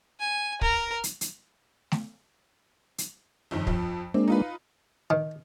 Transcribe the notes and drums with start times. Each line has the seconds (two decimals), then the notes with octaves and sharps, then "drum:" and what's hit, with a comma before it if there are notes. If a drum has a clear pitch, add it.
0.20 G#5
0.61 A#4, drum: kick
1.04 drum: hi-hat
1.21 drum: hi-hat
1.92 drum: snare A3
2.98 drum: hi-hat
3.51 G1 F2 D#3
3.67 F2 F3, drum: kick
4.14 G#3 A#3 C4 D4
4.28 D#4 F4 B4
5.10 D#3